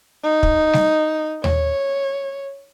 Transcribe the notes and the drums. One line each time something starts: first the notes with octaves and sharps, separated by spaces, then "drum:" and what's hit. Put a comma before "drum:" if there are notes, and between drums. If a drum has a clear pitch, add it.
D#4
drum: kick
drum: snare G3
C#5, drum: tom D#2